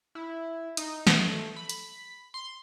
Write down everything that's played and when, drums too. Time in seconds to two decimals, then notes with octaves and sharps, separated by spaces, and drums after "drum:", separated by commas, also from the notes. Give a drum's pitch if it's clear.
0.15 E4
0.77 D#4, drum: hi-hat
1.07 A3, drum: snare
1.56 B5
1.69 drum: hi-hat
2.34 C6